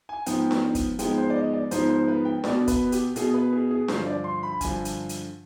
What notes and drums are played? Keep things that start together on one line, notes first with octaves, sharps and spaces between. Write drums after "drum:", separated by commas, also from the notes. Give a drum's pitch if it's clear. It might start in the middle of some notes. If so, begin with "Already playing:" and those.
G#5
G#2 F3 B3 G5, drum: hi-hat
drum: snare D4
drum: kick, hi-hat
G#2 F3 G#3 B3 G5, drum: hi-hat
C5
D5
D#5
D5
G#2 F3 G#3 B3 C5, drum: hi-hat
C5
B4
G5
B2 B3 D5, drum: snare D4
B4, drum: kick, hi-hat
G4, drum: hi-hat
B2 B3 G#4, drum: hi-hat
B4
G#4
G#4
G2 D3 F3 C5, drum: snare D4
D5
C6
B5
G2 D3 F3 G#5, drum: kick, hi-hat
drum: hi-hat
drum: hi-hat